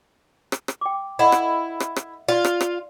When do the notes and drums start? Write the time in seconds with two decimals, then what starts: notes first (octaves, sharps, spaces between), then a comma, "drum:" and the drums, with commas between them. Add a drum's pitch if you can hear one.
0.52 drum: rim click
0.68 drum: rim click
0.81 G5 D6
1.19 E4 A4 D#5 F#5
1.32 drum: rim click
1.80 drum: rim click
1.96 drum: rim click
2.28 F4 D5 F5
2.45 drum: rim click
2.61 drum: rim click